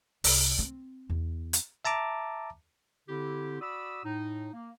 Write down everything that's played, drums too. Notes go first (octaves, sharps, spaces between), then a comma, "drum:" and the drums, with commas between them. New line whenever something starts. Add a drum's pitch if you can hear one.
C2, drum: open hi-hat
C4
E2
drum: hi-hat
E5 A5 A#5 D6
D3 C4 E4 G4
F#4 D5 B5 D#6 E6
A2 D#4
A#3